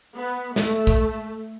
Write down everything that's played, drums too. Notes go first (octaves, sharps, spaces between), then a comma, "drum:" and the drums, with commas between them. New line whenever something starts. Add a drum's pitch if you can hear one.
B3
A3, drum: snare
drum: kick, hi-hat